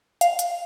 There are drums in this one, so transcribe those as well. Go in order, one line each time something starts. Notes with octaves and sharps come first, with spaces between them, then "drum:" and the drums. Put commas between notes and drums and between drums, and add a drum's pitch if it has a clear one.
F5, drum: hi-hat
drum: hi-hat